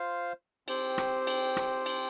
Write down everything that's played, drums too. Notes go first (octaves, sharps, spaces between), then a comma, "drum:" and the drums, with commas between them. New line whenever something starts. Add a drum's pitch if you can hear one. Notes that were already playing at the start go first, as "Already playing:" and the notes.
Already playing: F4 C5 F5
C4 G4 C5, drum: cymbal
drum: rim click
drum: cymbal
drum: rim click
drum: cymbal